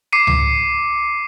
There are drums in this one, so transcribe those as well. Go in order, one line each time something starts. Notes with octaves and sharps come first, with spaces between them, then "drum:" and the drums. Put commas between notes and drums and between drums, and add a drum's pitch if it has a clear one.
D6 C7 C#7 D#7
drum: tom C#2